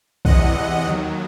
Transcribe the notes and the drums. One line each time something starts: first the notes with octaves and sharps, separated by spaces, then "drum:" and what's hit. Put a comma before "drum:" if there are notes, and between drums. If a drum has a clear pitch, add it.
E2 C3 E3 D#5 F#5, drum: kick B1
D#2 D#3 F#3